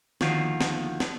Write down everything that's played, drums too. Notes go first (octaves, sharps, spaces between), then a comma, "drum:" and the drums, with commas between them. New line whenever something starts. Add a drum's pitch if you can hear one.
D#2 D3 D#3 F3 F4 F#4, drum: snare
drum: snare
drum: snare